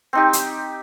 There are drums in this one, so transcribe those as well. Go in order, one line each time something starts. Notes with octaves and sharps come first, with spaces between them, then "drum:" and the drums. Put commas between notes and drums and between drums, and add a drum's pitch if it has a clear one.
C4 D#4 G4
drum: hi-hat